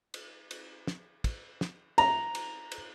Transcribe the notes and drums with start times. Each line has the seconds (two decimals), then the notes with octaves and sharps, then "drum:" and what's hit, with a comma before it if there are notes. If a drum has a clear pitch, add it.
0.14 drum: cymbal
0.51 drum: cymbal
0.87 drum: snare
1.24 drum: kick, cymbal
1.61 drum: snare
1.98 A#5, drum: cymbal
2.35 drum: cymbal
2.72 drum: cymbal